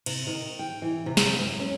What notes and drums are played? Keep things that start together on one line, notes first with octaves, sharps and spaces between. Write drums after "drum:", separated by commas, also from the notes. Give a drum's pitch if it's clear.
C3, drum: cymbal
D#3
G5
E3
C3
drum: snare
F#2
C#4